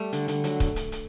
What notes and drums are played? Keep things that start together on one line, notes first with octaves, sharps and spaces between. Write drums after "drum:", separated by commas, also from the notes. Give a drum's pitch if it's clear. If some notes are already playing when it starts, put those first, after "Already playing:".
Already playing: G3 A3
D3, drum: hi-hat
D3, drum: hi-hat
F#3, drum: hi-hat
drum: kick, hi-hat
drum: hi-hat
drum: hi-hat